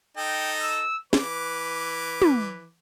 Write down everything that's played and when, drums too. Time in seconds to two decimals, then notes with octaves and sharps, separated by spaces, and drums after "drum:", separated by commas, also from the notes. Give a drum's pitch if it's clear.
0.17 D#4 A4 D#5 G5
0.61 E6
1.13 E3 B4 D6, drum: snare
2.22 drum: tom